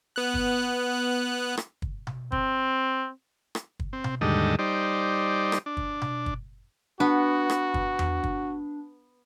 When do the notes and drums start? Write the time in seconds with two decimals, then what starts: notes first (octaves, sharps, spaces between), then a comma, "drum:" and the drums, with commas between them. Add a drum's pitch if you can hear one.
0.16 B3 F#6
0.34 drum: kick
1.57 drum: rim click
1.82 drum: kick
2.07 drum: tom B2
2.32 C4, drum: kick
3.55 drum: rim click
3.80 drum: kick
3.93 C4
4.04 drum: tom B2
4.21 D#2 G#2 D3 G3 A4 D#5
4.59 G3 D#4 C5 D5
5.52 drum: rim click
5.66 D4
5.77 drum: kick
6.02 drum: tom B2
6.26 drum: kick
7.00 B3 D4 F#4
7.50 drum: rim click
7.74 drum: kick
7.99 drum: tom E2
8.24 drum: kick